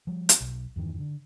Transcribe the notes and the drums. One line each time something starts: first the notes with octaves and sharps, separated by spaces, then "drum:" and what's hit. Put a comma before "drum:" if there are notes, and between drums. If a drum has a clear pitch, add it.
F3 G3
drum: hi-hat
B1
E2 G2 D#3 E3
D3